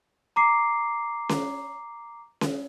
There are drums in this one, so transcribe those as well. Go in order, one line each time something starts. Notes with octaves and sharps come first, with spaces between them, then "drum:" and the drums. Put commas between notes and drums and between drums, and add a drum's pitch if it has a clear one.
A#5 D6 C7
drum: snare C#4
drum: snare C#4